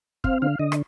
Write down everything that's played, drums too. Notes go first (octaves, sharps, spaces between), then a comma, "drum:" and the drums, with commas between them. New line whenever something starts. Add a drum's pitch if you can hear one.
C4 F5, drum: kick
D3 F5
D3 D#5
drum: rim click